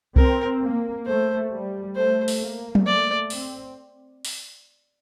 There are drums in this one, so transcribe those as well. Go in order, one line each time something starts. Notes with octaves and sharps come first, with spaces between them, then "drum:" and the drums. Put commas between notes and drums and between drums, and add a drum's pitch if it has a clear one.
C4 A#4, drum: kick C2
A#3
A3 C5
G3
A3 C5
drum: open hi-hat
A#3
drum: tom F#3
A3 D5
C4, drum: open hi-hat
drum: open hi-hat